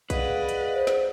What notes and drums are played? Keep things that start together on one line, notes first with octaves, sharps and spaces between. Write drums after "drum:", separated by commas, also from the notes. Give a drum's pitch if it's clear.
G#4 B4 D5 D#5 F5 F#5, drum: kick, hi-hat
drum: hi-hat
C5
drum: snare